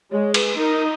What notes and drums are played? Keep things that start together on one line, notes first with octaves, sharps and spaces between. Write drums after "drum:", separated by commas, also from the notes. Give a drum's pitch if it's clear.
G#3 C#5
B4, drum: cymbal
D#4 A#4